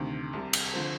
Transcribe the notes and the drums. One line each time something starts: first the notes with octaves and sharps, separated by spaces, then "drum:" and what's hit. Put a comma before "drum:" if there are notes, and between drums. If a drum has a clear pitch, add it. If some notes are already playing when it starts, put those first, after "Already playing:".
Already playing: D2 C3 D#3
C2 C3 G3
drum: cymbal
D3 F3 C4